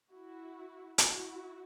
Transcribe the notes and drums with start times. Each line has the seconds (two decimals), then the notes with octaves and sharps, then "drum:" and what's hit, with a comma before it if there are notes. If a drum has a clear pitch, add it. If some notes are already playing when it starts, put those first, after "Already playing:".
0.11 E4 F#4
0.98 E4 F#4, drum: hi-hat